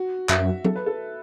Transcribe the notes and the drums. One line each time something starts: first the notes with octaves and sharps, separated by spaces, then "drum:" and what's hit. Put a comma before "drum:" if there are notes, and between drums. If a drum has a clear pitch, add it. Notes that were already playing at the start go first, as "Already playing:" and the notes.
Already playing: F#4
F#2 E5, drum: clap
A4, drum: tom F#3
B4
A4